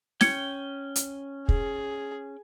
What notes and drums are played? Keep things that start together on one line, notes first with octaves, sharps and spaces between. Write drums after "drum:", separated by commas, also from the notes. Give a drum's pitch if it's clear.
C#4 G5 G#6 C#7, drum: snare
drum: hi-hat
G#4, drum: kick